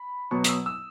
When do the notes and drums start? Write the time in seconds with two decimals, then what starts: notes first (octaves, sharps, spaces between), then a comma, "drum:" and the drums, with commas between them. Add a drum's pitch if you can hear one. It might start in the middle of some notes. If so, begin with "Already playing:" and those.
Already playing: B5
0.31 B2 F#3 B3 C#6
0.44 D#6, drum: hi-hat
0.48 E6
0.66 E6